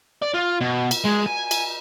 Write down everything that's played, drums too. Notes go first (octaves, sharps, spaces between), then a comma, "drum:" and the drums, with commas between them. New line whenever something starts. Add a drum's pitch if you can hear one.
D5
F4
B2
drum: cymbal
G#3
G#5
drum: cymbal